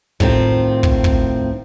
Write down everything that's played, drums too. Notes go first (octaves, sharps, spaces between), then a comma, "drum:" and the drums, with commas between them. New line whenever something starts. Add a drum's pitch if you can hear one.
A2 D#3 C4 F4, drum: kick
drum: kick
drum: kick